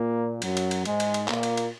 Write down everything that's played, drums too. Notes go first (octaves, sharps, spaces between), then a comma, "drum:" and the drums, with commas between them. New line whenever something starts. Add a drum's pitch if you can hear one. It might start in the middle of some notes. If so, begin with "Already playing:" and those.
Already playing: A#2 A#3
F#2 F#3, drum: cymbal
drum: cymbal
drum: cymbal
G#2 G#3, drum: cymbal
drum: cymbal
drum: cymbal
A#2 A#3, drum: clap
drum: cymbal
drum: cymbal